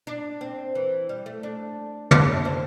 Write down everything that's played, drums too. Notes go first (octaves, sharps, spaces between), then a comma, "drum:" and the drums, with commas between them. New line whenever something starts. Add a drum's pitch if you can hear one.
D4
C4
E3
G3
A3
D4
D4, drum: tom
C4